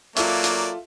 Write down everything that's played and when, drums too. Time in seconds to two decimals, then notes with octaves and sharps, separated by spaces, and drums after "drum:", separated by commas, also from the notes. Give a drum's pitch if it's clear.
0.16 F#3 A#3 F4 A4 D5 E5, drum: hi-hat
0.44 drum: hi-hat